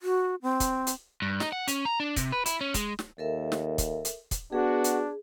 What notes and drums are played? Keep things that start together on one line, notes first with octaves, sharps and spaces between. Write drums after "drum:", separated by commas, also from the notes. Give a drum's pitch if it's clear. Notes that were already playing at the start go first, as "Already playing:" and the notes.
F#4
C4
drum: kick, hi-hat
drum: hi-hat
G2
D#4, drum: snare
F#5
C#4, drum: hi-hat
A#5
D4
C3, drum: kick, hi-hat
B4
E4, drum: hi-hat
C#4
G#3, drum: kick, hi-hat
drum: snare
D#2 A4 A#4 E5
drum: snare
drum: kick, hi-hat
drum: hi-hat
drum: kick, hi-hat
B3 D4 F#4 G#4
drum: hi-hat